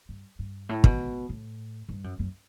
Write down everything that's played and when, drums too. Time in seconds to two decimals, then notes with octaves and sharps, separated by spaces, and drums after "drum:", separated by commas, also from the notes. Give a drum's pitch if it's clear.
0.09 G2
0.39 G2
0.69 A2
0.84 B2, drum: kick
1.29 A2
1.89 G2
2.04 F#2
2.19 F#2